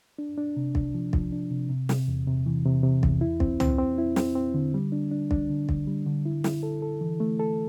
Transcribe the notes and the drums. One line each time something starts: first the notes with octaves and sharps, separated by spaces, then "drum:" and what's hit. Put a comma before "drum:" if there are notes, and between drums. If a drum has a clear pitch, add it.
D4
D4
C3
D4, drum: kick
F3
F3, drum: kick
D4
C3
C3
C3, drum: snare
E2
C3
E3
C3
C3
E2, drum: kick
E4
C4, drum: kick
C4, drum: tom
C4
E4
C4, drum: snare
C4
D3
G3
D4
D4
D4, drum: kick
D3
D3, drum: kick
G3
D3
E4
E4, drum: snare
A4
A4
E3
A3
A4